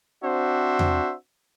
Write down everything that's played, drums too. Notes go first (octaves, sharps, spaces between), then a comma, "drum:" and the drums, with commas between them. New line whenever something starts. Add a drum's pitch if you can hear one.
C4 D4 F#4 C5 E5
drum: tom E2